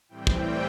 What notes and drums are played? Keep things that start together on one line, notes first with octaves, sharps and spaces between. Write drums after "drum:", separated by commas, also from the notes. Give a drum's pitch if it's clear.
A2 E3 G3 C4 G5
drum: kick